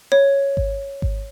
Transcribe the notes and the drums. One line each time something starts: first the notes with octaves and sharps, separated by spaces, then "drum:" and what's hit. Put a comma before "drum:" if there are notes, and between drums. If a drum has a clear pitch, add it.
C#5
drum: kick G#1
drum: kick G#1